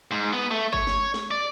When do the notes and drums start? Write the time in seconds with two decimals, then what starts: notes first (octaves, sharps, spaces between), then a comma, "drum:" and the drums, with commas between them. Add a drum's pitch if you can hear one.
0.11 G#2
0.33 B3
0.51 A3
0.73 C#5, drum: kick G1
0.87 drum: snare
1.14 drum: snare
1.31 D5